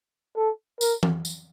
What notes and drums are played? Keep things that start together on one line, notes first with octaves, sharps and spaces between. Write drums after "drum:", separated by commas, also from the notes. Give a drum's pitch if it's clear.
A4
A#4, drum: tambourine
drum: tom E3
drum: tambourine